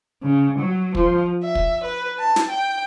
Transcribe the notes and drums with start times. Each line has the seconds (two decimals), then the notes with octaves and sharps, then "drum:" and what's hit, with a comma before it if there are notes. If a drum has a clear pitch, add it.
0.22 C#3
0.59 F#3
0.95 F3, drum: kick
1.44 E5
1.55 drum: kick
1.83 B4
2.19 A5
2.36 drum: snare
2.51 G5